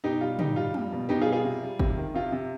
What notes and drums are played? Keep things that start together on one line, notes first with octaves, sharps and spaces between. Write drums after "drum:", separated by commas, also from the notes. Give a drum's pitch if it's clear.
B2 D#4 G4
G3 F4
G3 D#4 G4, drum: tom
G3 F4
G3, drum: tom
B2
B2 D#4 G4
F4 G#4
G3
F4 G#4
C3
G3
C3, drum: kick
D#3
C3 F4
C3